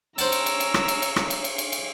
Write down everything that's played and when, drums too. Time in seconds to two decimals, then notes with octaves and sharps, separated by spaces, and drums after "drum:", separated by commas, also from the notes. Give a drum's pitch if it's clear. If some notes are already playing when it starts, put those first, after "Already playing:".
0.18 C#4 C5 F#5 A5 A#5 E6, drum: cymbal
0.32 drum: cymbal
0.46 drum: cymbal
0.60 drum: cymbal
0.74 drum: rim click
0.88 drum: cymbal
1.02 drum: cymbal
1.16 drum: rim click
1.30 drum: cymbal
1.44 drum: cymbal
1.58 drum: cymbal
1.72 drum: cymbal